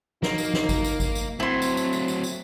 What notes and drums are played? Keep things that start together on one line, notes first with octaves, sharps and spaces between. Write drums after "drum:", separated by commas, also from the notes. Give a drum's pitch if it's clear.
A#3 D#4, drum: snare
drum: tambourine
drum: snare
drum: kick G#1, tambourine
drum: tambourine
drum: kick G#1, tambourine
drum: tambourine
F#3 A3 C4 E4 C6
drum: tambourine
drum: tambourine
drum: tambourine
drum: tambourine
drum: tambourine